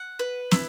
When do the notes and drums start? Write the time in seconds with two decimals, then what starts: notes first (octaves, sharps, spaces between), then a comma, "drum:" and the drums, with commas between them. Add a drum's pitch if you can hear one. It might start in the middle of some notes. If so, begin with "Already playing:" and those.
Already playing: F#5
0.19 B4
0.51 E4, drum: snare